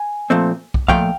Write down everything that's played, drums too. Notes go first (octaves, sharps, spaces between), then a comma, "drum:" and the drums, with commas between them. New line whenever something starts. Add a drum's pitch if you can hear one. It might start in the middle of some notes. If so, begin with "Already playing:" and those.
Already playing: G#5
A#2 F3 A3 C4
drum: kick
A#2 F3 A3 F5 G5, drum: kick